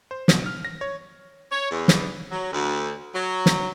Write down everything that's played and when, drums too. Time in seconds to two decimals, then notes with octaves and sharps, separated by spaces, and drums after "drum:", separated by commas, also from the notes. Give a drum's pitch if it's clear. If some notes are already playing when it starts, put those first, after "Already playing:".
0.11 C5
0.28 B2, drum: snare
0.46 F6
0.65 A#6
0.81 C#5
1.52 C#5
1.71 E2
1.88 drum: snare
2.31 F#3
2.52 D2
3.15 F#3
3.46 drum: snare